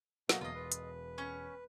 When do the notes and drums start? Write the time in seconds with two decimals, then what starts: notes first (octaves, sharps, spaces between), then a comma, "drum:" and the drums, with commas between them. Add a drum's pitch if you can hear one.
0.29 B2 F#3 A#3 D#4 F#4 A4, drum: snare
0.41 E1 F4 D#5
0.55 B4
0.72 drum: hi-hat
1.18 C#4 C#6